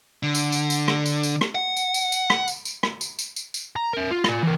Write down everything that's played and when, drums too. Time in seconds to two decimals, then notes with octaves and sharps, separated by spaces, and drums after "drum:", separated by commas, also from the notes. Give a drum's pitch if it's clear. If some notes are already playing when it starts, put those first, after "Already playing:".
0.23 D3
0.35 drum: tambourine
0.52 drum: tambourine
0.70 drum: tambourine
0.88 drum: rim click
1.06 drum: tambourine
1.23 drum: tambourine
1.41 drum: rim click
1.55 F#5
1.77 drum: tambourine
1.94 drum: tambourine
2.12 drum: tambourine
2.30 drum: rim click
2.48 drum: tambourine
2.65 drum: tambourine
2.83 drum: rim click
3.01 drum: tambourine
3.19 drum: tambourine
3.36 drum: tambourine
3.54 drum: tambourine
3.76 A#5
3.93 A#4 E5
4.11 F4
4.24 F4 D5, drum: rim click
4.43 E3 A#4